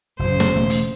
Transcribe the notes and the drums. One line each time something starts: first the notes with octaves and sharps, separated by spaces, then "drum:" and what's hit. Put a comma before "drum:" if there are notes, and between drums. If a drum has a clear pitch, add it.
F#1 A#2 C#3 C5
drum: snare
E1 A3 A#3
drum: hi-hat